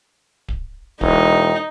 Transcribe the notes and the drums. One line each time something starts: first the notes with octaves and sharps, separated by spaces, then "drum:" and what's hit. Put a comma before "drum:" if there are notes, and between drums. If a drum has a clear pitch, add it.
drum: kick D1
E1 D#4, drum: kick D1